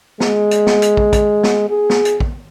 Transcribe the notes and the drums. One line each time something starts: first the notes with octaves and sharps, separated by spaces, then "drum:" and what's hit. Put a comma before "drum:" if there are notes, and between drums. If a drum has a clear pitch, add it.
G#3, drum: snare
drum: hi-hat
drum: snare
drum: hi-hat
drum: kick
drum: kick, hi-hat
drum: snare
G#4
drum: snare
drum: hi-hat
drum: kick